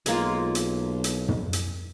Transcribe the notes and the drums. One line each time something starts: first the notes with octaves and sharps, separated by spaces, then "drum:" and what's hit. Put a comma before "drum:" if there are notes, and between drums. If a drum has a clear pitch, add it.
B1 G#3 A#3 F4, drum: hi-hat
drum: hi-hat
drum: hi-hat
drum: tom
drum: hi-hat